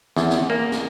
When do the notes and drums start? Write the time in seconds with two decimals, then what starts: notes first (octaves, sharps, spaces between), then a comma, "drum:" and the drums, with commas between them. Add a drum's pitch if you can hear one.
0.16 E2, drum: snare
0.30 drum: snare
0.50 A#3
0.72 drum: snare